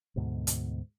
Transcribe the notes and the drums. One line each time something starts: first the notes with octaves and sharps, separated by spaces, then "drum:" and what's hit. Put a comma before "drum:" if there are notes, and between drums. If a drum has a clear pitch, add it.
D2 G#2 B2
drum: hi-hat